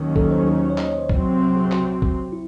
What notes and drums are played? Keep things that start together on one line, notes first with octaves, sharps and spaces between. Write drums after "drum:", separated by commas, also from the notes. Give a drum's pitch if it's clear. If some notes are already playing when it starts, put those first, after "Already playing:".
Already playing: D#2 D#3 F#3 C#4
A4, drum: kick B1
C5
C#5
D#5, drum: clap
C#5
C5
C2 C3 F#3 C4, drum: kick B1
C5
G#4
F#4, drum: clap
drum: kick B1
E4